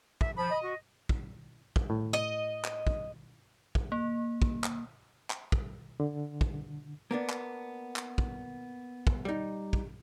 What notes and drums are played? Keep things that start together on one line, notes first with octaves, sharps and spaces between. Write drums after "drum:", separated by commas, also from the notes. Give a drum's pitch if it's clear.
E5, drum: kick
F3 B5
D#5
F#4
drum: kick
drum: kick
A2
D#5
drum: clap
drum: kick
drum: kick
A#3
drum: kick
drum: clap
drum: clap
drum: kick
D3
drum: kick
A#3 B3 D4
drum: clap
drum: clap
drum: kick
drum: kick
G3 D#4
drum: kick